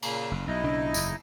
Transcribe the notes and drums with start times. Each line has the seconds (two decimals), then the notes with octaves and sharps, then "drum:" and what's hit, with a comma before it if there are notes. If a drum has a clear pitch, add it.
0.02 A#2 C#3 A#3, drum: cymbal
0.31 F#1
0.47 B1 D#4 E4 D#5
0.64 B1 C#3 D4
0.94 F#1 E2, drum: tambourine